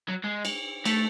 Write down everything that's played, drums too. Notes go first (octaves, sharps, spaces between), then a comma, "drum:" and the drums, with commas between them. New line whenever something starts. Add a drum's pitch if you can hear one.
F#3
G#3
drum: cymbal
A3, drum: cymbal